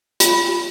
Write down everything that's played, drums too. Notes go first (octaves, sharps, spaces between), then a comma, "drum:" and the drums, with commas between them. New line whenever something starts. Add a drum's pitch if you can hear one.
F4, drum: hi-hat